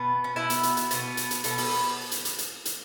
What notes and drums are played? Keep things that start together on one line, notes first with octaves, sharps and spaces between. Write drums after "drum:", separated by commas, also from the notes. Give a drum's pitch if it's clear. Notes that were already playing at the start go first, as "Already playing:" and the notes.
Already playing: B2 B3
C#4
B2 B3 E4
drum: hi-hat
drum: hi-hat
drum: hi-hat
B2 B3, drum: hi-hat
drum: hi-hat
drum: hi-hat
B2 B3 A4, drum: hi-hat
drum: open hi-hat
drum: hi-hat
drum: hi-hat
drum: hi-hat
drum: hi-hat